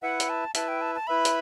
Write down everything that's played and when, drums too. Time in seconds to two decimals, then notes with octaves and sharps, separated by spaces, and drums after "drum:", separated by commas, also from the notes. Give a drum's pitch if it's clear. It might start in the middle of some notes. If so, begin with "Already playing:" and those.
0.02 E4 B4 E5 F#5
0.20 drum: hi-hat
0.29 A5
0.55 E4 B4 E5 A5, drum: hi-hat
0.68 G5
0.81 A5
0.95 A5
1.07 E4 B4 E5 B5
1.25 drum: hi-hat